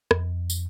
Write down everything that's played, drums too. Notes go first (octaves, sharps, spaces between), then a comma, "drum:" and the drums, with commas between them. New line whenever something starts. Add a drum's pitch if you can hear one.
F2, drum: rim click
drum: tambourine